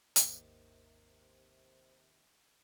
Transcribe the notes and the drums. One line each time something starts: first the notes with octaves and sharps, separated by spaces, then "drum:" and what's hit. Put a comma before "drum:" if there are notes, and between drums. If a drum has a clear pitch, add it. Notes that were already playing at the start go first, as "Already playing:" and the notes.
G#1 D#2 C3 D#3 A#3, drum: hi-hat